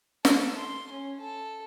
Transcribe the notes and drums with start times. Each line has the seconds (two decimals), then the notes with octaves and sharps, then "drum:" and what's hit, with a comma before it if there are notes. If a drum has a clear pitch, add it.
0.25 A4, drum: snare
0.57 C6
0.92 C#4
1.20 A4